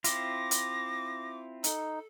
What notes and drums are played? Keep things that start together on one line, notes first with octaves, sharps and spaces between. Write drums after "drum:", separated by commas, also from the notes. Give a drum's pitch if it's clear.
C4 E4 F4 D6 A#6, drum: hi-hat
drum: hi-hat
D#4 A4, drum: hi-hat